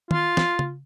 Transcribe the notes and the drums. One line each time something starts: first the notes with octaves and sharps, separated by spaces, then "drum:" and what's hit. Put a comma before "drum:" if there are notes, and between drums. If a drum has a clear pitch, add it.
F4, drum: tom D#3
drum: snare
drum: tom C#3